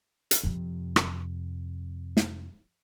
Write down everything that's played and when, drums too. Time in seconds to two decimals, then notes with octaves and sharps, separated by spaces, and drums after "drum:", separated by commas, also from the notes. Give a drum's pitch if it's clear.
0.31 drum: hi-hat
0.43 F2 C3
0.96 drum: rim click
2.17 drum: snare